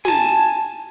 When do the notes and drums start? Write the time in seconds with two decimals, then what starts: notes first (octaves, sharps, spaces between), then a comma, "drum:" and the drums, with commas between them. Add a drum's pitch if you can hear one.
0.05 G#5 A5, drum: snare
0.29 drum: open hi-hat